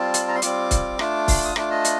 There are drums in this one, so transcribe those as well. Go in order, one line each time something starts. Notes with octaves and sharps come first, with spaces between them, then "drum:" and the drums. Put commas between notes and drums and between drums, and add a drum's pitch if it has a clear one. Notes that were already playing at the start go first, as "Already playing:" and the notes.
Already playing: G3 C4 F4 A5
drum: hi-hat
A#5
C6
G3 C4 F4 D6, drum: hi-hat
drum: kick C#1, hi-hat
A3 D4 F4, drum: rim click
drum: kick C#1, open hi-hat
D#6
A3 D4 F4 D6, drum: rim click
D#5
drum: hi-hat